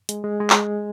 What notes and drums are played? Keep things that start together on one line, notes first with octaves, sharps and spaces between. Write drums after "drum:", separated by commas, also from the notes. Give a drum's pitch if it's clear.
G#3, drum: hi-hat
G#3
G#3
drum: clap